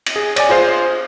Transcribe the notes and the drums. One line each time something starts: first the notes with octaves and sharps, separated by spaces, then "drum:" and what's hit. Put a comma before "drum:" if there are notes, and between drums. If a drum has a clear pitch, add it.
drum: cymbal
G#4
C#5 D5 G#5, drum: cymbal
F4 G#4 C5 F5